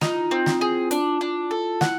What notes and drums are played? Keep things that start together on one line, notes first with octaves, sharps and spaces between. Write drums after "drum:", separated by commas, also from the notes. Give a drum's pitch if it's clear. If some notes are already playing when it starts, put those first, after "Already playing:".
D#4 F4, drum: snare
E4
F4
C4
drum: snare
G#4
D4, drum: hi-hat
D4
A4
E4 F#5, drum: snare